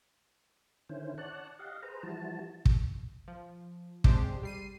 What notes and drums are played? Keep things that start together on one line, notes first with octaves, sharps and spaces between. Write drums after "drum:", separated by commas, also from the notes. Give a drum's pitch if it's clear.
D3 D#3 C#4 E4 C5
C#5 D5 F#5 A5 F#6
G4 D#5 F5 F#5
G#4 B4 C5 A#5
E3 F3 G3 E4 F#4 A5
drum: kick
F3
C3 G#3 D4 G4 C5, drum: kick
G3 C7 D#7